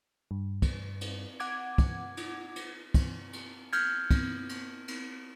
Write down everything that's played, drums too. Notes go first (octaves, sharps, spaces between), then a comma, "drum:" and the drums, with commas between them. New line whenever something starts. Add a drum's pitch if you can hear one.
G2
drum: kick, cymbal
drum: cymbal
F#5 D6 G#6, drum: cymbal
drum: kick, cymbal
drum: cymbal
drum: cymbal
drum: kick, cymbal
drum: cymbal
F6 G6 G#6, drum: cymbal
drum: kick, cymbal
drum: cymbal
drum: cymbal